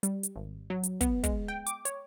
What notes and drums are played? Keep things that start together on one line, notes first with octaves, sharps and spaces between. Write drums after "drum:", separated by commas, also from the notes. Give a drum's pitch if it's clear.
G3, drum: hi-hat
drum: hi-hat
G#1
F#3
drum: hi-hat
B3, drum: kick, hi-hat
G#3, drum: kick, hi-hat
G5
D6, drum: hi-hat
C#5, drum: hi-hat